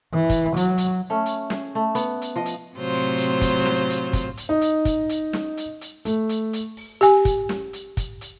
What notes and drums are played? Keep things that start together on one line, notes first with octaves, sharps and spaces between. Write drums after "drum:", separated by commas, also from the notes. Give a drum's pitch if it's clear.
E3
drum: kick, hi-hat
F#3, drum: hi-hat
drum: hi-hat
A3 C#4
drum: hi-hat
G#4, drum: snare
A3
B3, drum: hi-hat
drum: hi-hat
F3 D#5
drum: hi-hat
A2 C3 F#3 F4 C5
drum: open hi-hat
drum: hi-hat
drum: kick, hi-hat
drum: snare
drum: hi-hat
drum: kick, hi-hat
drum: hi-hat
D#4
drum: hi-hat
drum: kick, hi-hat
drum: hi-hat
drum: snare
drum: hi-hat
drum: hi-hat
A3, drum: hi-hat
drum: hi-hat
drum: hi-hat
drum: open hi-hat
G4 G#5, drum: hi-hat
drum: kick, hi-hat
drum: snare
drum: hi-hat
drum: kick, hi-hat
drum: hi-hat